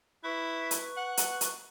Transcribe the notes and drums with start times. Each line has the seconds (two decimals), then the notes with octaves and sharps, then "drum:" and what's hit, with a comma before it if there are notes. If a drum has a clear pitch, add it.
0.24 E4 B4 C#6
0.71 drum: hi-hat
0.97 F#5
1.17 drum: hi-hat
1.41 drum: hi-hat